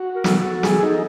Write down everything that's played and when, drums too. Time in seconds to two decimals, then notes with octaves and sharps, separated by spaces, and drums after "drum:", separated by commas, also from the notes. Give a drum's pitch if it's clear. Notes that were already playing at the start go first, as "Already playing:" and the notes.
Already playing: F#4
0.16 A#4
0.24 A4, drum: snare
0.63 G#4, drum: snare
0.83 D#4